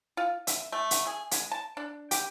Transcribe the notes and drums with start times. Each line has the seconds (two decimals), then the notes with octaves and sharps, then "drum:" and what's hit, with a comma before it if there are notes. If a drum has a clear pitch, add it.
0.17 F4
0.47 E5, drum: hi-hat
0.72 A3
0.91 drum: hi-hat
1.07 G#4
1.31 G#3, drum: hi-hat
1.52 A5
1.77 D4
2.11 G4, drum: hi-hat